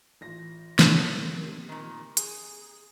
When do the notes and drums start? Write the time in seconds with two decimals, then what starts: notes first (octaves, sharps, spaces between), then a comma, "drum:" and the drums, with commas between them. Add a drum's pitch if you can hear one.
0.21 A1 F4 A#6
0.79 G4 G#4 C#5, drum: snare
1.41 A#3 C4 G4
1.69 A#2 D#3
2.17 G#4, drum: hi-hat